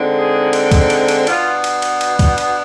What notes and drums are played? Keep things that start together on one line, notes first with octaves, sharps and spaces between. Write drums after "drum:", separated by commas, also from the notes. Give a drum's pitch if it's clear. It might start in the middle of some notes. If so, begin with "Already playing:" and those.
Already playing: D3 G#3 C4 D#4
G#4
drum: cymbal
drum: kick C#2, cymbal
drum: cymbal
drum: cymbal
B2 B3 D4 F4, drum: cymbal
drum: cymbal
drum: cymbal
drum: cymbal
drum: kick C#2, cymbal
drum: cymbal